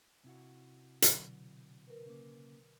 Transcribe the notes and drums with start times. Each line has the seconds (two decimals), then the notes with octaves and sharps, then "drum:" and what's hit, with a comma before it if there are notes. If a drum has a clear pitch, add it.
0.24 C3 E4 F#4
1.02 B2 D3 F#3, drum: hi-hat
1.87 A#4 B4
2.06 C#3 A#3